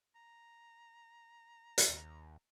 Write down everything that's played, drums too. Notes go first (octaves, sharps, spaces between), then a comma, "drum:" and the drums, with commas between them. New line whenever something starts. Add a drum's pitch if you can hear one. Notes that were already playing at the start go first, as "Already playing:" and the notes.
A#5
drum: hi-hat
D#2